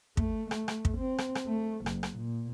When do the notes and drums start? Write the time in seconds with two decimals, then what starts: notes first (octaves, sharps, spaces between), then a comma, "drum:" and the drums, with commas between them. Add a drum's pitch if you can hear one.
0.17 A3, drum: kick
0.51 A3, drum: rim click
0.68 drum: rim click
0.85 drum: kick
0.98 C4
1.18 drum: rim click
1.35 drum: rim click
1.47 A3
1.86 F#1, drum: rim click
2.03 drum: rim click
2.15 A#2